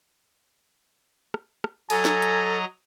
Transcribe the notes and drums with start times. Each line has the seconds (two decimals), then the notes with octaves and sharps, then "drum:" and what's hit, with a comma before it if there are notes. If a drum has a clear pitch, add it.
1.34 drum: rim click
1.64 drum: rim click
1.90 F#3 A4 D#5 G#5 A#5, drum: cymbal
2.05 drum: snare
2.22 drum: hi-hat